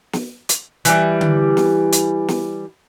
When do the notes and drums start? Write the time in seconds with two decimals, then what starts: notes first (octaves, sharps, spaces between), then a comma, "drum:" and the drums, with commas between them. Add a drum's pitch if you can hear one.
0.13 drum: snare
0.49 drum: hi-hat
0.85 E3 G3, drum: hi-hat
1.21 drum: tom D3
1.57 drum: snare
1.93 drum: hi-hat
2.28 drum: snare